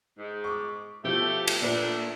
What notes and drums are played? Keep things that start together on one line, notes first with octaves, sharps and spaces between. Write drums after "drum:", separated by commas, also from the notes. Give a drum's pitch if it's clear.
G#2
C#6 D6
B2 F3 A3 G4
drum: cymbal
A#2 A3 D4 A#4 B4